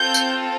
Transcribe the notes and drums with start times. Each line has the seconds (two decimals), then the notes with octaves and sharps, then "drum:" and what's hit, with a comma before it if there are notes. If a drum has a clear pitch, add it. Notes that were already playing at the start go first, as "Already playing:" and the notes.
Already playing: C4 F4 A4 G6
0.14 drum: tambourine